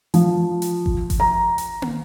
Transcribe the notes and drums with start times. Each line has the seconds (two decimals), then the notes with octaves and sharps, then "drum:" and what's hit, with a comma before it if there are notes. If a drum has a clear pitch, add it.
0.14 F3, drum: hi-hat
0.62 drum: hi-hat
0.86 drum: kick G#1
1.10 drum: kick G#1, hi-hat
1.20 A#5
1.58 drum: hi-hat
1.82 drum: tom